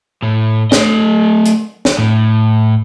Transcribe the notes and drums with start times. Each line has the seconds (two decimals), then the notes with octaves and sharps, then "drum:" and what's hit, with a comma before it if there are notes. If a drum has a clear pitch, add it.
0.23 A2
0.72 A3 D#5, drum: snare
1.46 drum: hi-hat
1.85 drum: snare
1.99 A2